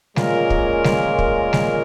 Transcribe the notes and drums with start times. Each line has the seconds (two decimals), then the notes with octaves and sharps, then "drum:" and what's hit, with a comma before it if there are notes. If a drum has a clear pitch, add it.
0.16 A#2 G#3 C#4 F4 A#4, drum: snare
0.50 drum: kick
0.84 drum: snare
1.19 drum: kick
1.53 drum: snare